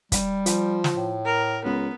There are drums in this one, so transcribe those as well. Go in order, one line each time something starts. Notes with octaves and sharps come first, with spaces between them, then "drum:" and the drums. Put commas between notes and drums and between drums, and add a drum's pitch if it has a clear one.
G3, drum: kick, hi-hat
F3, drum: hi-hat
drum: snare
A2
A#4
C#2 B3